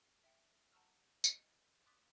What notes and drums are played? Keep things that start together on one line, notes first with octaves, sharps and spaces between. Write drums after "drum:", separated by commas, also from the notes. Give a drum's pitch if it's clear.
E5 G5 C#7
F#5 A5 A#5 C#6 E6 F6
D#5 F#6, drum: tambourine
C6 D6 D#6 F#6 A6 B6